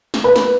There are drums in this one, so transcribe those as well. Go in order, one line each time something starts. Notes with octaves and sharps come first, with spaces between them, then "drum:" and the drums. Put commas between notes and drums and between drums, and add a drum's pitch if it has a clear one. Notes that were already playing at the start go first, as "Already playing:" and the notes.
drum: snare
B4
drum: snare